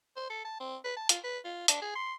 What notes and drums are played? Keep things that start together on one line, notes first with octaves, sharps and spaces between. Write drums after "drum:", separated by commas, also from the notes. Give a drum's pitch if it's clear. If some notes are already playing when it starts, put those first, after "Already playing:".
C5
A4
A5
C4
B4
A5
F4, drum: hi-hat
B4
F4
D4, drum: hi-hat
G#4
C6